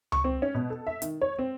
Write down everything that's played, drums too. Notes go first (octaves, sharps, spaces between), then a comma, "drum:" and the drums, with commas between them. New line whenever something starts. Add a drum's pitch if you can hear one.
C#6, drum: tom C#2
C4
C#4
B2
A4
E5
D#3, drum: hi-hat
C#5
C4